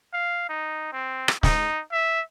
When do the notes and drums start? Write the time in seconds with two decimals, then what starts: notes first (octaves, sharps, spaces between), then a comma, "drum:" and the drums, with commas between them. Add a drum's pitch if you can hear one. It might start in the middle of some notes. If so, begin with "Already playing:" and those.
0.14 F5
0.49 D#4
0.93 C4
1.28 drum: rim click
1.43 D#4, drum: snare
1.92 E5